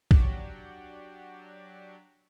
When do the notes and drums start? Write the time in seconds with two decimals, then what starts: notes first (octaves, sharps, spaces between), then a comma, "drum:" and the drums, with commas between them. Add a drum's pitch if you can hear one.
0.11 F#3 D4 F#4 G4, drum: kick